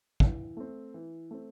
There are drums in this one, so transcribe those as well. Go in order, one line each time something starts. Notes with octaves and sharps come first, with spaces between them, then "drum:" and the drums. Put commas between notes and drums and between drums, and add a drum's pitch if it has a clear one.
E3, drum: kick
A3 C4
E3
A3 C4